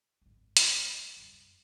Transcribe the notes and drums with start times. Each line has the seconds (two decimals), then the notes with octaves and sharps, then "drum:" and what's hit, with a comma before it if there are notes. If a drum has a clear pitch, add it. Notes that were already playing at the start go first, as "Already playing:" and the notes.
0.22 G#1 F#2
0.57 drum: hi-hat
0.82 G#3
1.17 C2 F#2